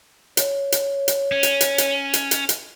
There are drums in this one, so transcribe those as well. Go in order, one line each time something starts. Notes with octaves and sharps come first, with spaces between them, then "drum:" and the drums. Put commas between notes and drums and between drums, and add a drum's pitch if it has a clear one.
C#5, drum: hi-hat
drum: hi-hat
drum: hi-hat
C#4
drum: hi-hat
drum: hi-hat
drum: hi-hat
drum: hi-hat
drum: hi-hat
drum: hi-hat